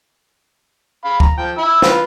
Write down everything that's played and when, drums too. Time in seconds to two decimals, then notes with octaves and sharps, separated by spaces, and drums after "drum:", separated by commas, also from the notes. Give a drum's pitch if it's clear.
1.05 F5 B5
1.20 A#5, drum: kick D2
1.38 F3 G5
1.58 E4 E5 E6
1.82 F4 B4, drum: snare